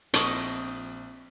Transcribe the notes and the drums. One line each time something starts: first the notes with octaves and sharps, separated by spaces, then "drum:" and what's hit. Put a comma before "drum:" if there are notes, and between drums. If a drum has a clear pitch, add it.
A#1 C4 A4 D#5 C#6, drum: hi-hat